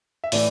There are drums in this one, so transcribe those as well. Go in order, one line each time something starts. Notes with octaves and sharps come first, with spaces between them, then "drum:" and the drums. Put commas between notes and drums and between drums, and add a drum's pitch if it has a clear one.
E5
A2 E3 D5, drum: open hi-hat